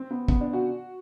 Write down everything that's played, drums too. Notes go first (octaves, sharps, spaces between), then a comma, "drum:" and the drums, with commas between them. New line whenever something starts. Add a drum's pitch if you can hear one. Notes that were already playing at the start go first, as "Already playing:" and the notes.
Already playing: C4
B3
B3, drum: kick
D4
F#4